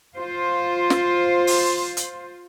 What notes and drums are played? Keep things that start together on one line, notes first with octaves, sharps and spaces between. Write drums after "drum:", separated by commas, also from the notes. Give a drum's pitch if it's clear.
F4 C5
drum: snare
drum: open hi-hat
drum: hi-hat